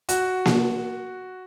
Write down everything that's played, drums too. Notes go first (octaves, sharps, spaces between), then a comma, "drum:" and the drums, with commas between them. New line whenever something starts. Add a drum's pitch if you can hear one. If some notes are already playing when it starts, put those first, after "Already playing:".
F#4, drum: hi-hat
drum: snare A#3